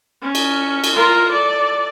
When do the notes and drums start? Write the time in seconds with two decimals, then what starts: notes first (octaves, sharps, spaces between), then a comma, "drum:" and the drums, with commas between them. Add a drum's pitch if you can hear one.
0.22 C#4
0.35 drum: cymbal
0.84 drum: cymbal
0.96 F4 A#4
1.32 A4 D5